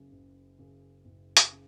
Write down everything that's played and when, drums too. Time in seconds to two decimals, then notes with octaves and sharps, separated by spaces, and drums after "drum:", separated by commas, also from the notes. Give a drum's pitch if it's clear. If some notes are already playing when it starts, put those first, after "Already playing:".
Already playing: F#1 F#2 C#3
0.12 F#1
0.59 F#2 C#3
1.05 F#1
1.37 drum: hi-hat
1.52 C#3